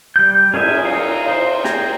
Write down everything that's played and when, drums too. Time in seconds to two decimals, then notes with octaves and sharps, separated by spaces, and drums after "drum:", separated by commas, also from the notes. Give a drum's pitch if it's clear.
0.16 G3 G6
0.54 C#4 G#4 D#5 E5 G#5, drum: cymbal
0.85 D#4 F5
1.27 D#4 C5
1.64 G4 G#4 A#5, drum: snare